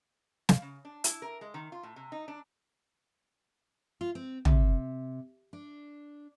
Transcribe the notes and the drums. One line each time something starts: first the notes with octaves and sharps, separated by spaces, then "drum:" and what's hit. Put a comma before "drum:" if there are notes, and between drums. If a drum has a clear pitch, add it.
F5, drum: snare
C#3
D4
E4, drum: hi-hat
A#4
G#3
D#3
F4
A2
C3
D#4
D4
F4
C4
C3, drum: tom
D4